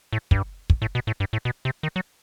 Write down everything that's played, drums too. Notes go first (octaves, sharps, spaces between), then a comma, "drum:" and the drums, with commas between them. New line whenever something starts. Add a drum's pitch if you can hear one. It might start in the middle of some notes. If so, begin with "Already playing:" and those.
A2
G2, drum: kick
drum: kick
A2
B2
A2
G2
A2
B2
C3
D#3
F#3